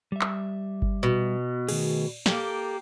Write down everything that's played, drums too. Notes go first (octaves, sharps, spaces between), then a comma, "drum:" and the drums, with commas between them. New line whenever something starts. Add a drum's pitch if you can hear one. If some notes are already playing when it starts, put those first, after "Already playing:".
G3 E5
drum: clap
drum: kick G1
B2
D#3 A3 G#4, drum: cymbal
A#3 G4 A4, drum: snare